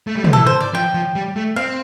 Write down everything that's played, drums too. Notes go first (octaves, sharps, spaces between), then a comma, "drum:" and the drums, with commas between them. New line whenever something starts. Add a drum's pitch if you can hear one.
A3
G3
F3, drum: tom
E3 A4
C5
D5
F3 G5
F3
G3
A3
C4 F5